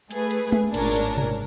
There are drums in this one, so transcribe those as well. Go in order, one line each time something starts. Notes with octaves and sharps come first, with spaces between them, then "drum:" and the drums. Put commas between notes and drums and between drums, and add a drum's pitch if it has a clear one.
A3 G#4 B4, drum: hi-hat
drum: hi-hat
drum: tom G#3
G#1 A#2 C#4 D4 A#4, drum: hi-hat
drum: hi-hat
drum: tom B2